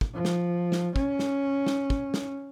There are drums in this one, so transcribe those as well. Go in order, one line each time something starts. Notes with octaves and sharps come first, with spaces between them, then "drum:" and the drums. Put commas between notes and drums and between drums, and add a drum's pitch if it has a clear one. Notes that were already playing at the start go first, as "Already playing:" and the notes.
drum: kick
F3
drum: snare
drum: snare
C#4, drum: kick
drum: snare
drum: snare
drum: kick
drum: snare